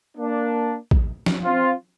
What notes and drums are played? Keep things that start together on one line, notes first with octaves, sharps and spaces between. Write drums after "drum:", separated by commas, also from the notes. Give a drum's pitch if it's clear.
A#3 D4
drum: kick
drum: snare
C4 F4